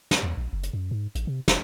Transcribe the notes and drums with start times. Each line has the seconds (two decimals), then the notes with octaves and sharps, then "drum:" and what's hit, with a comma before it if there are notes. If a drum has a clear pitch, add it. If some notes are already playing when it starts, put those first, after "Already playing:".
0.11 drum: snare
0.23 E2
0.37 A#1
0.53 F#1
0.63 drum: hi-hat
0.73 F#2
0.91 G#2
1.15 A1, drum: hi-hat
1.27 C3
1.48 F1, drum: snare